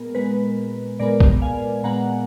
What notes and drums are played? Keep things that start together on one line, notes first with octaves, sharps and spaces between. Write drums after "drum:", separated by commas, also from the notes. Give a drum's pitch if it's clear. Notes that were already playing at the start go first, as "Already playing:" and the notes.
Already playing: A#2 G#3 B3 A#4
A#2 G#3 B3 B4
A#2 G#3 B3 A#4 D5
drum: kick
F5 G#5
A#2 G#3 B3 F#5 A#5